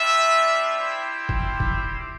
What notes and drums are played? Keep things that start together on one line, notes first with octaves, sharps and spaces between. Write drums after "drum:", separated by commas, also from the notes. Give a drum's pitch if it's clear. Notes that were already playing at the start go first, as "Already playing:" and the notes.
Already playing: G3 D4 F4 E5
G3 C4 E4 G4 C5
drum: kick
drum: kick